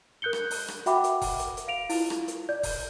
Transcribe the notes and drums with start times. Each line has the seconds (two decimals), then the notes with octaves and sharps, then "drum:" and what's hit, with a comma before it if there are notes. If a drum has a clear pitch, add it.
0.22 A#4 F#6 G6 C#7 G7
0.33 drum: rim click
0.51 drum: open hi-hat
0.68 drum: rim click
0.86 F#4 E5 F#5 G5 B5 D6, drum: hi-hat
1.04 drum: hi-hat
1.21 drum: kick E1, open hi-hat
1.39 drum: hi-hat
1.57 drum: hi-hat
1.68 F5 D7 F7
1.90 E4 F4, drum: open hi-hat
2.10 drum: rim click
2.28 drum: hi-hat
2.49 D5 G6
2.63 drum: kick E1, open hi-hat